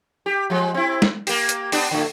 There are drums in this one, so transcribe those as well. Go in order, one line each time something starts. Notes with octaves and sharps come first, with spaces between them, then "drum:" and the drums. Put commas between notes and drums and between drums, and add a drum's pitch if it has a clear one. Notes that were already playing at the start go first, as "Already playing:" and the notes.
G4
F3 G#3
C4 E4
drum: snare
A#3 G4, drum: open hi-hat
drum: hi-hat
B3 D4 G4, drum: open hi-hat
A2 D3